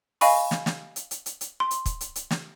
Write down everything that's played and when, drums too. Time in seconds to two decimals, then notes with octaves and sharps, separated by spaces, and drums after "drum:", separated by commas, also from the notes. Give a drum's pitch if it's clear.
0.21 D#5 F5 G#5 B5 C#6, drum: open hi-hat
0.51 drum: snare
0.66 drum: snare
0.96 drum: hi-hat
1.11 drum: hi-hat
1.26 drum: hi-hat
1.41 drum: hi-hat
1.60 C6
1.71 drum: hi-hat
1.86 drum: kick, hi-hat
2.01 drum: hi-hat
2.16 drum: hi-hat
2.30 drum: snare